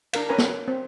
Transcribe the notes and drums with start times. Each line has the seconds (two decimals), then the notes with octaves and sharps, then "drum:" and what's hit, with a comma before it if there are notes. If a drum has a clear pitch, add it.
0.13 D4 A#4 F5, drum: cymbal
0.29 C#4 A#4 B4 G#5 A#5
0.38 drum: snare
0.68 C4